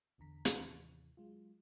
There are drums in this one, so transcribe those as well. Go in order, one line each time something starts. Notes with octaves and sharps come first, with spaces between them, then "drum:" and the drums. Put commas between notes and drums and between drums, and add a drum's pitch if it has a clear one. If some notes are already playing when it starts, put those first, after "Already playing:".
A1 E2 D3 A#5 B6
A4, drum: hi-hat
D#2 A2 C3 E3
F#3 G#3 F4